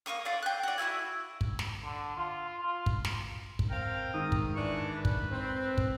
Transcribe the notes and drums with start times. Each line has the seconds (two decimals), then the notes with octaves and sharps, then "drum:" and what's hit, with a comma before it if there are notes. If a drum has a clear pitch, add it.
0.06 A#3 F4 C#6 D#6
0.25 F4 A4 D5 F#5
0.42 G5 F#6
0.63 F#4 D5
0.78 E4 F#4 E5 G#5
1.41 drum: kick
1.59 drum: snare
1.84 D3
2.17 F4
2.64 F4
2.86 drum: kick
3.05 drum: snare
3.59 drum: kick
3.70 C4 A#4 F5 G5
4.14 G#2 D#3 D#6 E6
4.32 drum: kick
4.55 E3 D4 C#6
4.96 B4
5.05 drum: kick
5.31 C4
5.78 drum: kick